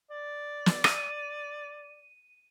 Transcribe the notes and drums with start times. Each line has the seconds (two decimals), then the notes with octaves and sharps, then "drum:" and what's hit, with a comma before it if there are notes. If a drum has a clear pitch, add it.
0.10 D5
0.66 drum: snare
0.84 D#7, drum: rim click